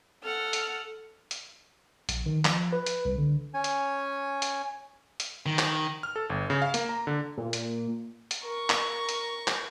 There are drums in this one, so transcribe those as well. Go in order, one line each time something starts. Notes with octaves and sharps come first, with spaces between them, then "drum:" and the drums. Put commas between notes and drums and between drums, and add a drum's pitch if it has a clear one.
A4 F#5 F6
drum: hi-hat
drum: hi-hat
A#1, drum: hi-hat
D#3
F3, drum: clap
B4
drum: hi-hat
C2
D3
C#4 G#5
drum: hi-hat
drum: hi-hat
drum: hi-hat
D#3
drum: clap
F6
A4
G1
C#3
F5
A#3, drum: hi-hat
A#5
D3
A#2
drum: hi-hat
drum: hi-hat
A#4 C#6
drum: clap
drum: hi-hat
drum: clap